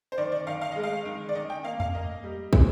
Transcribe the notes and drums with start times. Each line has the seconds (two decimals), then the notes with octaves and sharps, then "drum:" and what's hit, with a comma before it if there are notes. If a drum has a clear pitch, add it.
0.12 C5
0.18 D#3 D5
0.32 D5
0.47 D#3 F5
0.61 F5
0.72 G#3 D#5
0.83 F5
1.05 D#3
1.29 D5
1.35 D#3 D#5
1.50 G5
1.64 A#3 F5
1.80 F5, drum: tom F2
1.94 A#3 D#5
2.24 G3
2.53 G#3, drum: kick